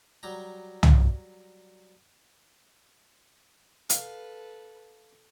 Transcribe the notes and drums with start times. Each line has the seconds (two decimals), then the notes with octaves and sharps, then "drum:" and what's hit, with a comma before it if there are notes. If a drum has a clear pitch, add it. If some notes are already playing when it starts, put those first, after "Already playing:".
0.23 F#3 G3 A#5
0.83 drum: tom
3.90 A4 B4 F5, drum: hi-hat